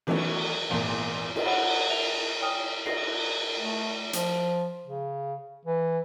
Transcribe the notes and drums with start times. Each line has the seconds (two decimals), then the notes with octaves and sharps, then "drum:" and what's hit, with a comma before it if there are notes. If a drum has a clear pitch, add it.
0.07 D#3 E3 F#3 A3 B3 C#4, drum: cymbal
0.70 G#1 E2 A#2
1.36 drum: cymbal
1.46 G4 C5 C#5 F#5 B5
1.89 E5 F7
2.42 C#5 G5 G#5 D#6 F6
2.86 A#6 C7, drum: cymbal
3.59 A3
4.13 F3, drum: hi-hat
4.86 C#3
5.65 E3